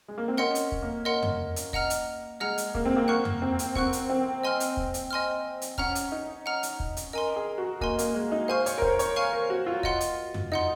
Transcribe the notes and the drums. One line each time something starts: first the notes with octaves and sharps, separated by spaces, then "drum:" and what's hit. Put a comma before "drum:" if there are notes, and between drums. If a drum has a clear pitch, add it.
G#3
A#3
C4
C#4 A#4 D#5 F#5 C6
drum: hi-hat
drum: kick
A#3
A#4 D#5 F#5 C6
drum: tom F2
drum: hi-hat
D#5 F#5 A#5 F6, drum: kick
drum: hi-hat
G#3 D#5 F#5 A#5 F6
drum: hi-hat
A#3, drum: kick
C4
A#3
A#3 F#5 C#6 F#6
drum: tom F2
C4
drum: hi-hat
C4 F#5 C#6 F#6, drum: kick
drum: hi-hat
C4
D#5 G#5 C6 F6
drum: hi-hat
drum: kick
drum: hi-hat
D#5 G#5 C6 F6
drum: hi-hat
C#4 F#5 A#5 F6, drum: kick
drum: hi-hat
D#4
F#5 A#5 F6
drum: hi-hat
drum: kick
drum: hi-hat
A#4 D#5 G#5 C6
G#4
F#4
A#3 D#5 G#5 C6, drum: kick
A#3, drum: hi-hat
G#3
D#4
C5 F5 G#5 C#6 F6
C#5, drum: hi-hat
A#4
C5, drum: kick
C#5, drum: hi-hat
F5 G#5 C#6 F6
A#4
F#4
F4
D#5 F#5 C6, drum: kick
drum: hi-hat
drum: tom F2
D#4 D#5 F#5 C6